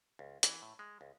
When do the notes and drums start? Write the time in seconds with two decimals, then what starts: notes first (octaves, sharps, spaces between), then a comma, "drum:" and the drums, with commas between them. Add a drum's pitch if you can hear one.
0.19 C#2
0.43 E3, drum: hi-hat
0.62 A2
0.79 G#3
1.01 C#2